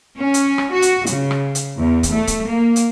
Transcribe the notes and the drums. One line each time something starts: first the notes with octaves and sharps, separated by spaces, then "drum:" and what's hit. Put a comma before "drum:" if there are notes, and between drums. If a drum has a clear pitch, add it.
C#4
drum: hi-hat
drum: rim click
F#4
drum: hi-hat
C#3, drum: hi-hat
drum: rim click
drum: hi-hat
E2
drum: kick C#1, hi-hat
A3
drum: kick C#1, hi-hat
A#3
drum: hi-hat